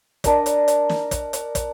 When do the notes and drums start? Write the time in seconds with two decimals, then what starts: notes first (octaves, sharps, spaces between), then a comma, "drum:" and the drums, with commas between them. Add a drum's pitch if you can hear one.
0.24 D4 A#4 D#5, drum: kick, hi-hat
0.46 drum: hi-hat
0.68 drum: hi-hat
0.89 drum: snare
1.11 drum: kick, hi-hat
1.33 drum: hi-hat
1.55 drum: kick, hi-hat